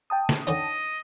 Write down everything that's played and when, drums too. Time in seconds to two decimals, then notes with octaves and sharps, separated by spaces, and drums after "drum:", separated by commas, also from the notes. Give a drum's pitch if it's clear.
0.10 G5 A5 D#6
0.29 drum: snare
0.47 D3 C#4 D#4 D#5